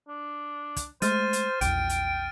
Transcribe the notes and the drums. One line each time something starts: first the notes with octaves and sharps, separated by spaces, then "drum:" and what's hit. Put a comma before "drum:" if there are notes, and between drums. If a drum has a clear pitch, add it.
D4
drum: kick, hi-hat
G#3 A3 C5 F6 A6 D#7, drum: hi-hat
drum: hi-hat
A#1 E2 G5 D7, drum: hi-hat
drum: hi-hat